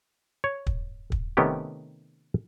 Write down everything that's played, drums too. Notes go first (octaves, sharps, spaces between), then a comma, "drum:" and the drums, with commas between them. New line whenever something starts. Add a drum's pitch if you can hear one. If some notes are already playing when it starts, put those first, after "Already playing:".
C#5
drum: kick
drum: kick
C3 D#3 A3 B3 C#4 G4